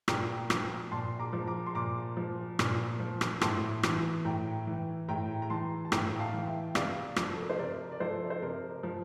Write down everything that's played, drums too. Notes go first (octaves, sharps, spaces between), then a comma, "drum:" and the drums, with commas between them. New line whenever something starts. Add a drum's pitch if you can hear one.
A#2 G5 A#5, drum: rim click
F3, drum: rim click
A#2 A5 C6
A#5 D6
F3
A#5 D6
C6
A#2 A#5 D6
F3
A#2, drum: rim click
F3
drum: rim click
A2 A5 C6, drum: rim click
E3, drum: rim click
A2 G5 A#5
E3
A2 G5 A#5
A#5
E3 A5 C6
A5
A2 G5 A#5, drum: rim click
F5 A5
E3
E5 G5
C3 D5 F5, drum: rim click
F3, drum: rim click
A4
A#4
C5
C3 A#4 D5
D5
F3 A4 C5
C5
C3 A#4
F3